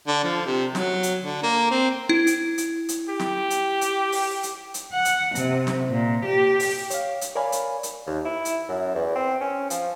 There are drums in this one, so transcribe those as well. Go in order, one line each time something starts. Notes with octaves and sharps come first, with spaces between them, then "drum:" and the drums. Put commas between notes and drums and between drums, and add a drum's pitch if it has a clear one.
D3
F3
C3
F#3, drum: snare
drum: hi-hat
D3
A#3
C4
E4
drum: hi-hat
drum: hi-hat
drum: hi-hat
G4
drum: snare
drum: hi-hat
drum: hi-hat
drum: open hi-hat
drum: hi-hat
drum: hi-hat
F#5
drum: hi-hat
C3, drum: hi-hat
drum: snare
A#2
G4
drum: open hi-hat
C#5 F5, drum: hi-hat
drum: hi-hat
A#4 C#5 D5 F5 G#5 B5
drum: hi-hat
drum: hi-hat
D#2
E4
drum: hi-hat
F#2
E2
C4
C#4
F3, drum: hi-hat